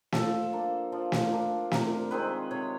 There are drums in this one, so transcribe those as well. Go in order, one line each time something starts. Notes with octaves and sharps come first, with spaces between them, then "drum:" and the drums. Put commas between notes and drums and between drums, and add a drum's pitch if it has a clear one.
F3 A4, drum: snare
A#3 D4
F3
drum: snare
A#3 D4
C3 A#4, drum: snare
D#3 G#3 C4 B4
C3 C#5